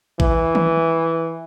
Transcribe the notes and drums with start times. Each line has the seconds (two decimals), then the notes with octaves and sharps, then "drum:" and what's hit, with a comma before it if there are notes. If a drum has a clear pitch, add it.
0.20 E3, drum: kick A1
0.55 drum: tom D#3